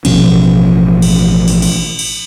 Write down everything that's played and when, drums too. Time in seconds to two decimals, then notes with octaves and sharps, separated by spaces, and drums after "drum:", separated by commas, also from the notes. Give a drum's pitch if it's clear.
0.05 A1 B2 F3 C#4, drum: cymbal
1.02 drum: cymbal
1.48 drum: open hi-hat
1.62 drum: cymbal
1.99 drum: cymbal